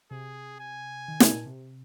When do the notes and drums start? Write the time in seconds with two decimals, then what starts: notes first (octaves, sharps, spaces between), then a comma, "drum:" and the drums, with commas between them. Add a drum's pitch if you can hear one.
0.11 C3 G#4
0.60 G#5
1.08 D#3
1.20 C3, drum: snare
1.32 A#2
1.46 C3